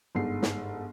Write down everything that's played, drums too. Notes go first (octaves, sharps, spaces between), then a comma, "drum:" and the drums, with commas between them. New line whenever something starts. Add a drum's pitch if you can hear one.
G1 G#2 C7
drum: snare